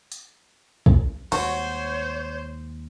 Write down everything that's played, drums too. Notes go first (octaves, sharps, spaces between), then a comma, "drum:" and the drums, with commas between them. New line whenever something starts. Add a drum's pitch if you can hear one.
drum: hi-hat
drum: kick
D#2 G3 G#3 F#4 C5 C#5, drum: cymbal